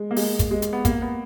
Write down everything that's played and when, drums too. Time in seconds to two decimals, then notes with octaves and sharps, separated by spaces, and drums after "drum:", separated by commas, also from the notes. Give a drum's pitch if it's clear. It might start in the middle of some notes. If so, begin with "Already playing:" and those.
Already playing: G#3
0.11 A#3
0.16 G#3, drum: open hi-hat
0.39 drum: kick, hi-hat
0.51 G#3
0.62 drum: hi-hat
0.73 B3
0.85 A#3, drum: kick, hi-hat
1.02 B3